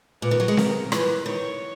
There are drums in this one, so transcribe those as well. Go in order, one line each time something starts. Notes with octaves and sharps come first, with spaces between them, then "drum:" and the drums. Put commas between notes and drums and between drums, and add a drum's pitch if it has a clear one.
A#2 B4
D#3
F#3
G#3
A#4, drum: snare C4
E3 B4, drum: rim click
D#3 C#5